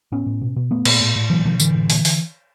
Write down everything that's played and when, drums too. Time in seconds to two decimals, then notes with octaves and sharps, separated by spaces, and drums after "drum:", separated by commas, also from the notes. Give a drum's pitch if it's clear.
0.12 A2 B3 C#4
0.26 A2
0.42 B2
0.56 B2
0.71 A#2 A3 B3
0.85 A#2, drum: cymbal
1.00 A2
1.16 A2
1.30 B2 E3 F#3
1.45 B2 D#3 F3
1.60 A2 D3 E3, drum: tambourine
1.74 A2
1.90 A#2, drum: open hi-hat
2.05 drum: open hi-hat